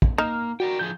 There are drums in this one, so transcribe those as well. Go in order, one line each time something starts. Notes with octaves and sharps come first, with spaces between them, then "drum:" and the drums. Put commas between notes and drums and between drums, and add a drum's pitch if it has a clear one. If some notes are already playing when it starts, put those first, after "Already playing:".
drum: kick
A#3 D#4 F6
F#4 A#4 D5 G5
D3 F3 G#4 G6